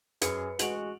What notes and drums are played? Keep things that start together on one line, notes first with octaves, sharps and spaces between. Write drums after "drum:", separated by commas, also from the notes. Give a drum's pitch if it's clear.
F#2 G#4 B4 C#7, drum: hi-hat
A1 G#3 F#4 D7 F7 F#7, drum: hi-hat